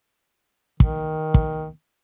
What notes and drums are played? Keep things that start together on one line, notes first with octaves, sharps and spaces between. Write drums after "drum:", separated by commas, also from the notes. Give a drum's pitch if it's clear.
D#3, drum: kick
drum: kick